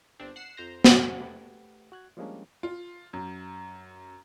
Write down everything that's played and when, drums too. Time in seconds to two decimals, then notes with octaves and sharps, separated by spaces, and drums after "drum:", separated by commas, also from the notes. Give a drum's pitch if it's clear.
0.20 G1 C4 D4
0.36 F#5 C7 E7
0.57 F2 C5 A#5
0.84 A#1 F5, drum: snare
1.20 A3 G4 B4 F#5
1.92 F#4 F#6 G#6
2.17 F3 G3 G#3 A#3 C#4 D4
2.63 F4
3.13 F#2